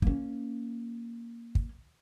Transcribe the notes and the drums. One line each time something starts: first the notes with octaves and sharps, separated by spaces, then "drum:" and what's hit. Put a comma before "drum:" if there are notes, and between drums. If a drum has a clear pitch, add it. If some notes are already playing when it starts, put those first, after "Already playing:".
A#3 C#4, drum: kick
drum: kick